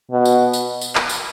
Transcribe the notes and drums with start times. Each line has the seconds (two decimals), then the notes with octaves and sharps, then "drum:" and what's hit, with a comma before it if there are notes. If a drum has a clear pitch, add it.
0.11 B2
0.25 drum: tambourine
0.53 drum: tambourine
0.81 drum: tambourine
0.95 drum: clap
1.09 drum: tambourine